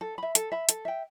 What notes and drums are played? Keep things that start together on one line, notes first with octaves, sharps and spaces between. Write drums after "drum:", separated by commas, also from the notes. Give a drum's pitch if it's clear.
A4
E5 B5
A4, drum: hi-hat
E5 B5
A4, drum: hi-hat
E5 G5